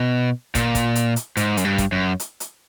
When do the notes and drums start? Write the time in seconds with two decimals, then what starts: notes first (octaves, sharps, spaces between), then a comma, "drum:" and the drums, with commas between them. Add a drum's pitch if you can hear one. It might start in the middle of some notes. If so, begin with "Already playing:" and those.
Already playing: B2
0.55 A#2, drum: kick, hi-hat
0.75 drum: kick, hi-hat
0.95 drum: hi-hat
1.16 drum: hi-hat
1.37 G#2, drum: hi-hat
1.57 F#2, drum: hi-hat
1.64 G2
1.78 drum: kick, hi-hat
1.92 F#2
2.20 drum: hi-hat
2.40 drum: hi-hat